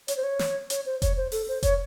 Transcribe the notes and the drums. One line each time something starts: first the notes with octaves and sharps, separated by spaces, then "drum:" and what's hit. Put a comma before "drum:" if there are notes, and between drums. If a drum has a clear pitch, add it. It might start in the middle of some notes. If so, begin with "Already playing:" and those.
C#5, drum: hi-hat
C5
C#5
drum: snare
C#5, drum: hi-hat
C5
C#5, drum: kick F1, hi-hat
C5
A4, drum: open hi-hat
C5
C#5, drum: kick F1, hi-hat